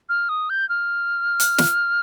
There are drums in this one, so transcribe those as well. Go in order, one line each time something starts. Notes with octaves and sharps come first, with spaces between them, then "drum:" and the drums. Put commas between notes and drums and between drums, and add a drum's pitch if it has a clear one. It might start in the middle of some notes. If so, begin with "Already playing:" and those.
F6
D#6
G6
F6
drum: hi-hat
drum: snare